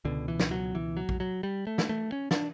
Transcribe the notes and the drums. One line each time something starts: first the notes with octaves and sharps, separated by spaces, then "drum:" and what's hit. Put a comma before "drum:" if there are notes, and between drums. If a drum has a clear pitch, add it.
C#2 B2 D3
E3
drum: snare
F#3
E3
F#3
drum: kick A#1
F#3
G3
A3
drum: snare
A3
C#4
D4, drum: snare